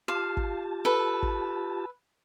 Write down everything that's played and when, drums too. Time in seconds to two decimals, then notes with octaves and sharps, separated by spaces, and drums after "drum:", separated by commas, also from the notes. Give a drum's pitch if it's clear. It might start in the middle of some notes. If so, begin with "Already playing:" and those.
0.08 F4 G4 F5 A5
0.37 drum: kick
0.85 A4 B4
1.23 drum: kick